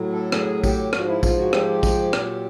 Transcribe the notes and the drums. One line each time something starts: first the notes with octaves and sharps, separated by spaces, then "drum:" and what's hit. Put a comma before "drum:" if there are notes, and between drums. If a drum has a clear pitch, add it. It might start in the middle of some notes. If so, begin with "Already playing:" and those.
Already playing: A2 F#3
A4
G#4, drum: rim click
G4, drum: kick A#1, tambourine
G#2 F3 F#4, drum: rim click
E4
F4, drum: kick A#1, tambourine
F#4
G4, drum: rim click
drum: kick A#1, tambourine
A#2 F#3, drum: rim click